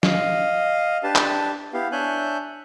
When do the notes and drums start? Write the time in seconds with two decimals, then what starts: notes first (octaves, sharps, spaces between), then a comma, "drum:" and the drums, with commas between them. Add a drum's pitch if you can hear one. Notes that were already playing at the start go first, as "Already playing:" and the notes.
0.03 D#5 F5, drum: snare
1.03 D4 G4 B4 A5
1.15 drum: clap
1.73 B3 E4 G4 F5
1.92 D4 C#5 E5 G#5 F#6 G6